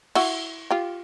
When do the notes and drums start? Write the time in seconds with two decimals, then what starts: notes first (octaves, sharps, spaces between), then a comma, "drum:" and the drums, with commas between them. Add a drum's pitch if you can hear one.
0.15 E4 F#4, drum: cymbal
0.71 F4 G4